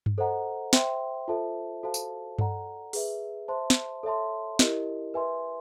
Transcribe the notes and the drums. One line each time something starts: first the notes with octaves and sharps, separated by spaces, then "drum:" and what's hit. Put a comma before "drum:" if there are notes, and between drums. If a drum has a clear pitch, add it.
drum: tom G2
A4 C5 D#5 F#5 A#5
C5 E5 G5 C6, drum: snare
F4 A4 C5 E5 A5
F#4 A4 C5 F5 A5
drum: tambourine
A4 D5 F#5 A#5, drum: tom G2
G#4 B4 E5, drum: open hi-hat
C5 E5 A5 C6
drum: snare
A4 C#5 E5 A5 C6
E4 G4 A#4 D#5, drum: snare
B4 E5 G#5 C6